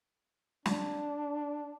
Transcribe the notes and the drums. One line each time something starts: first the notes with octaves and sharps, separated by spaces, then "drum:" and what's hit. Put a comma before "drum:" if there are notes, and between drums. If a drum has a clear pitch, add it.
D4, drum: snare